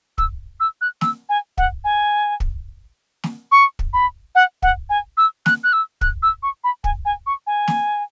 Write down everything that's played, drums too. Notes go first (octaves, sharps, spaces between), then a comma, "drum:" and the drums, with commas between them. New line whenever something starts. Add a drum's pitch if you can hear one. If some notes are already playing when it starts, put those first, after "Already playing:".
E6, drum: kick
E6
F#6
E6, drum: snare
G#5
F#5, drum: kick
G#5
drum: kick
drum: snare
C#6
drum: kick
B5
F#5
F#5, drum: kick
G#5
E6
F#6, drum: snare
F#6
E6
F#6, drum: kick
E6
C#6
B5
G#5, drum: kick
G#5
C#6
G#5
drum: snare